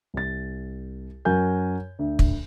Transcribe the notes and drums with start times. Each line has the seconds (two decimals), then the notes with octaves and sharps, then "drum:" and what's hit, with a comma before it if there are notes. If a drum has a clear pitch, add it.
0.14 C2 A6
1.25 F#2 F#4 A#4 G#5 G6
1.99 D2
2.19 drum: kick